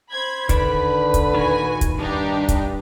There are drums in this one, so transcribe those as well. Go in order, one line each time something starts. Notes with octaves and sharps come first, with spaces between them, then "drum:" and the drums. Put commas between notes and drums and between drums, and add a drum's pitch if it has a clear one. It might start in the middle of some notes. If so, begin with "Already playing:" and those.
C5 B5 G#6
D3 D#3 D4 B4 B5, drum: kick, hi-hat
drum: kick, hi-hat
A#2 D#3 F#4 G#5
drum: kick, hi-hat
G2 G3 D4 D#4 G4
drum: kick, hi-hat